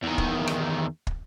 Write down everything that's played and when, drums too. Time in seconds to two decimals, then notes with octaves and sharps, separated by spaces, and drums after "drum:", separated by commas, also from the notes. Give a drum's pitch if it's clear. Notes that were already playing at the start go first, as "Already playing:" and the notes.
0.03 E2 D#3
0.18 drum: kick
0.48 drum: rim click
1.07 drum: kick